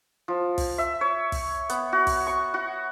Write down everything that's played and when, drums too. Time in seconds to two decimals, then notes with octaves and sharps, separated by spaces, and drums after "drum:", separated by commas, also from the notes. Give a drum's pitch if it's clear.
0.28 F3
0.58 drum: kick, open hi-hat
0.78 E5
1.01 C#5
1.32 drum: kick, open hi-hat
1.69 B3, drum: hi-hat
1.93 F#4
2.07 drum: kick, open hi-hat
2.27 C#6
2.54 F#4